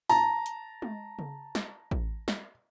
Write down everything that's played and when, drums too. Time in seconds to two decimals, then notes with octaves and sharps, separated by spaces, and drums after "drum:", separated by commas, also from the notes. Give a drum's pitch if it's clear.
0.09 A5 A#5, drum: open hi-hat
0.46 drum: hi-hat
0.82 drum: tom G#3
1.19 drum: tom C#3
1.55 drum: snare
1.91 drum: kick A1
2.28 drum: snare